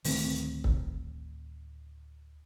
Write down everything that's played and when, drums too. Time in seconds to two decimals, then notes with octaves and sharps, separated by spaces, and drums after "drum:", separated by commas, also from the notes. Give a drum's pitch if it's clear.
0.04 D1 D#3 A3 C4, drum: open hi-hat
0.64 drum: kick